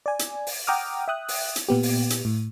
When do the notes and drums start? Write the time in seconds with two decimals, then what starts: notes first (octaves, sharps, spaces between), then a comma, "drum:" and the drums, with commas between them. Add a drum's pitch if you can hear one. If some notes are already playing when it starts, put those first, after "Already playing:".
0.06 D5 G#5
0.19 drum: hi-hat
0.47 drum: open hi-hat
0.67 F#5 G5 A#5 D6 D#6 F6
1.08 E5 G5 D#6 F#6
1.28 drum: open hi-hat
1.56 drum: hi-hat
1.69 A#2 B3 G4
1.83 drum: open hi-hat
2.10 drum: hi-hat
2.25 A2